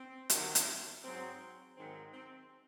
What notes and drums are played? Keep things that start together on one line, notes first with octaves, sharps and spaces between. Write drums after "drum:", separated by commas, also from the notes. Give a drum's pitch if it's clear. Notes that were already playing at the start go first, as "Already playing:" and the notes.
Already playing: C4
C3 D#3 F#3, drum: hi-hat
drum: hi-hat
G#2 F#3 C4
G#2 D#3 F#3 C4
C4